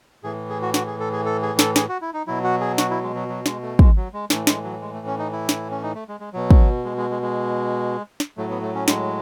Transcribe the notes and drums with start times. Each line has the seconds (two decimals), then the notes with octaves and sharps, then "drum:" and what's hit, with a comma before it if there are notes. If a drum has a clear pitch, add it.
0.24 A2 E3 G#4
0.49 G#4
0.62 F#4
0.74 F#4, drum: snare
0.87 G#4
1.00 A4
1.13 G#4
1.25 A4
1.42 G#4
1.59 A4, drum: snare
1.76 G#4, drum: snare
1.89 F#4
2.02 E4
2.14 D#4
2.27 B2 F#3 E4
2.44 F#4
2.61 G#4
2.78 F#4, drum: snare
2.91 E4
3.03 G#3
3.15 F#3
3.29 F#3
3.46 G#3, drum: snare
3.62 A3
3.79 G#3, drum: kick
3.96 F#3
4.13 G#3
4.30 A2 E3 A3, drum: snare
4.47 G#3, drum: snare
4.64 F#3
4.82 G#3
4.94 A3
5.07 C#4
5.19 D#4
5.32 E4
5.49 drum: snare
5.71 C#4
5.83 D#4
5.95 A3
6.09 G#3
6.20 G#3
6.33 B2 F#3
6.51 drum: kick
6.85 G#3
6.97 G#3
7.10 G#3
7.22 G#3
8.20 drum: snare
8.37 A2 F#3 A3
8.50 B3
8.62 A3
8.75 C#4
8.88 G#3, drum: snare